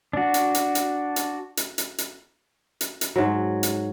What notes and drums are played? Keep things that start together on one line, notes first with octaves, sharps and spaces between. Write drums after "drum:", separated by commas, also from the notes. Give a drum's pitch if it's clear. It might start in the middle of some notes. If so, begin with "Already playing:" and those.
D4 F#4
drum: hi-hat
drum: hi-hat
drum: hi-hat
drum: hi-hat
drum: hi-hat
drum: hi-hat
drum: hi-hat
drum: hi-hat
drum: hi-hat
G#2 F#3
drum: hi-hat